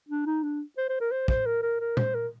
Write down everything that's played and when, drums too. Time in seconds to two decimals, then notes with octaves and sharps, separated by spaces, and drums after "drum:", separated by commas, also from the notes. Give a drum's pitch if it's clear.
0.09 D4
0.26 D#4
0.43 D4
0.77 C5
0.89 C5
1.00 A#4
1.11 C5
1.28 C5, drum: kick
1.46 A#4
1.62 A#4
1.80 A#4
1.97 C5, drum: tom A#2
2.15 A#4